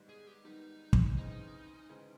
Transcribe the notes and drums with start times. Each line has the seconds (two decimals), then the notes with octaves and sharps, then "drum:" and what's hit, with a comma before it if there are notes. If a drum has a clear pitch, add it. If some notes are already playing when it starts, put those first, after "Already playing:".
Already playing: G#2 D#3 G3 B3
0.09 G#4
0.27 G4
0.45 G#2 D#3 G3 B3 D#4
0.93 drum: kick
1.16 D2 C#3 E3 G#3 C4 D#4
1.89 D2 C#3 E3 G#3 C4